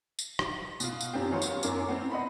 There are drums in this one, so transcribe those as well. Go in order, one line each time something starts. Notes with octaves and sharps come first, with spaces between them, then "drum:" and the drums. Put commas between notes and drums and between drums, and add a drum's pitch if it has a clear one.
drum: tambourine
drum: rim click
B2 F4, drum: tambourine
drum: tambourine
F#2 C4 G4
D#3 F#3 B3 F4 C#5 C6
drum: tambourine
F#2 A#4 C#5 D6, drum: tambourine
B3 C4 E4
D#5 F#5 B5 C6